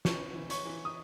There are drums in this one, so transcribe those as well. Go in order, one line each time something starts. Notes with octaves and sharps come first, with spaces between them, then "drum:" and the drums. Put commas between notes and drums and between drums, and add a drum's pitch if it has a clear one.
E3 C#5 C#6, drum: snare
E3
C#5 C#6, drum: hi-hat
E3
D#6